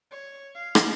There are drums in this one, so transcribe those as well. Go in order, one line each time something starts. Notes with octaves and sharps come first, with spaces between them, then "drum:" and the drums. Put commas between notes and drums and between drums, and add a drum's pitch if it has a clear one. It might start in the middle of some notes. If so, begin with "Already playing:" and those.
C#5
F5
drum: rim click